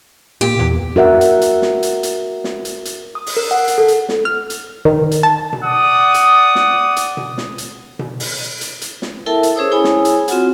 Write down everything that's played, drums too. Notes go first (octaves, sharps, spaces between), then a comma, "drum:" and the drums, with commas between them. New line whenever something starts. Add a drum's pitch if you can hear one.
A#2 G4
E2
F#4 A#4 E5 F#5
drum: hi-hat
drum: hi-hat
drum: snare
drum: hi-hat
drum: hi-hat
drum: snare
drum: hi-hat
drum: hi-hat
D#6
drum: open hi-hat
A#4
F#5
drum: hi-hat
A4
drum: hi-hat
drum: snare
F6
drum: hi-hat
D#3
drum: hi-hat
A5
drum: tom B2
D5 F#5 D#6
drum: hi-hat
drum: snare
drum: hi-hat
drum: tom B2
drum: snare
drum: hi-hat
drum: tom B2
drum: open hi-hat
drum: hi-hat
drum: hi-hat
drum: snare
E4 A4 A#4 E5 G5 A5
drum: hi-hat
C#4 G#4 C5 C#5 D#6 E6
E4 G#4 C#5 G#5 B5 D#6
drum: snare
drum: hi-hat
C4 F4 F#4 F#5, drum: hi-hat